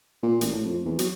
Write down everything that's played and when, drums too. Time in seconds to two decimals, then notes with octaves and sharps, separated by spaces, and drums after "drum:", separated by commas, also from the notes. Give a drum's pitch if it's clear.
0.23 A#2
0.41 A1, drum: hi-hat
0.53 A2
0.66 F2
0.85 E2
0.99 F#3, drum: hi-hat